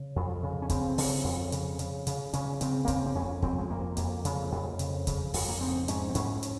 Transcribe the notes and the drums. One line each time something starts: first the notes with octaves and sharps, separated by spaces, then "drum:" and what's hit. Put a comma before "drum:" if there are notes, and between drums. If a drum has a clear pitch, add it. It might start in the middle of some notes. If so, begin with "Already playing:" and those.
Already playing: C#3
F2
C#3
C#4
C#3 C4, drum: kick, hi-hat
C#3, drum: open hi-hat
F2
C#3, drum: hi-hat
C#3, drum: hi-hat
C#3, drum: hi-hat
C#3 C#4, drum: hi-hat
C#3 C4, drum: hi-hat
A#3
C#3 C4, drum: kick, hi-hat
C4
F2 C#4
F2 C4, drum: kick
G#3
F2 A#3
F2 A#3, drum: hi-hat
C#3, drum: hi-hat
F2
C#3, drum: hi-hat
C#3, drum: kick, hi-hat
F2, drum: open hi-hat
A#3
G#2 C4
G#2 C#4, drum: hi-hat
C4
G#2 C#4, drum: hi-hat
drum: hi-hat